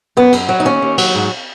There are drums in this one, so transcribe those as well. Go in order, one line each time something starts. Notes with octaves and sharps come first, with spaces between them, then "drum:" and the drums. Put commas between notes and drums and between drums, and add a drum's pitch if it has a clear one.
F#2 B3
F#2, drum: cymbal
F#3
D#4
D#2 C#4
D#2
F#3, drum: cymbal
G#2